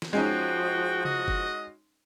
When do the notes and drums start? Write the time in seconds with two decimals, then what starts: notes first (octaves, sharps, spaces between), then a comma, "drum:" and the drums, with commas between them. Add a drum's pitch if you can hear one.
0.02 drum: snare
0.13 F3 G#3 C#4 D#4 F#4 G5
1.05 D#5, drum: tom C3
1.28 drum: kick F#1